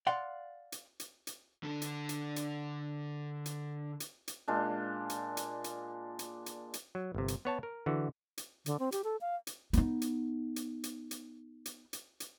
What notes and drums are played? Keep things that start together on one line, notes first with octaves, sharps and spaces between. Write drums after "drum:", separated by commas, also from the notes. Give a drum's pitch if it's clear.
D5 F5 F#5 C6
drum: hi-hat
drum: hi-hat
drum: hi-hat
D3 A4
drum: hi-hat
drum: hi-hat
drum: hi-hat
drum: hi-hat
drum: hi-hat
drum: hi-hat
A#2 G#3 D4
drum: hi-hat
drum: hi-hat
drum: hi-hat
drum: hi-hat
drum: hi-hat
drum: hi-hat
F#3
G1 C3
drum: hi-hat
B3 C#5 A5
A#4
D3 E3 F#4
drum: hi-hat
D3, drum: hi-hat
C4
G4, drum: hi-hat
A4
F5
drum: hi-hat
B3 D#4, drum: hi-hat
drum: hi-hat
drum: hi-hat
drum: hi-hat
drum: hi-hat
drum: hi-hat
drum: hi-hat
drum: hi-hat